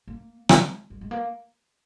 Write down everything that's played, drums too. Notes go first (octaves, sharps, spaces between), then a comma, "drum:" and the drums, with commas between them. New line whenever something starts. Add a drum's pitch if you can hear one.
A#3
G#3, drum: rim click
G3
G#3
A#3